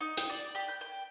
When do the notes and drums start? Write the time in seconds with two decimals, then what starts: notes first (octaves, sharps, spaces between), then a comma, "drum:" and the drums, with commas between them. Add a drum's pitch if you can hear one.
0.01 D#4
0.17 G5, drum: hi-hat
0.30 D5
0.55 G4
0.69 G6
0.81 G5